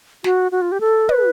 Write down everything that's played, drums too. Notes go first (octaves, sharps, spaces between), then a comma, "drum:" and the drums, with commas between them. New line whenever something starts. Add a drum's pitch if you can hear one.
F#4, drum: snare
F#4
F4
G4
A4
B4, drum: tom